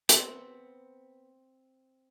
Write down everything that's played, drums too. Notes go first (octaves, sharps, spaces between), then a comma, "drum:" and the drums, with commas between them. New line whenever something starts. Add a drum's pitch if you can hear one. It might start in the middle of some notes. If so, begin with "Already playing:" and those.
B3 C4, drum: hi-hat